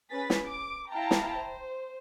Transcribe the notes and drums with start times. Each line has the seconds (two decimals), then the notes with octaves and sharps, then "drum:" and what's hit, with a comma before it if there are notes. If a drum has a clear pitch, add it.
0.10 C#4 G#4 B4 A6 B6
0.30 drum: snare
0.46 D6
0.90 E4 F5 G5 A5 A#5
1.11 drum: snare
1.37 C5